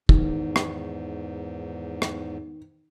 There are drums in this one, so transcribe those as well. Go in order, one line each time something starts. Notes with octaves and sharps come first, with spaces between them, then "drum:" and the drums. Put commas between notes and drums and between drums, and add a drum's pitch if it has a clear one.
E2 G#2 D#3, drum: kick
drum: rim click
drum: rim click